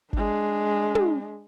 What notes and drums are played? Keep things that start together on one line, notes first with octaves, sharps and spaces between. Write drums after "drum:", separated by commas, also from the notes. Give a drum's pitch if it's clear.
G#3 D4, drum: kick G#1
drum: tom